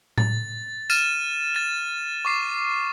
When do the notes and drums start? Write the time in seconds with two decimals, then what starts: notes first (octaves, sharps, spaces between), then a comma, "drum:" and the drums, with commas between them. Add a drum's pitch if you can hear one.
0.18 A6, drum: tom A2
0.90 F6 A6 D#7 E7, drum: tambourine
1.55 A6 E7
2.25 C#6 D6 C7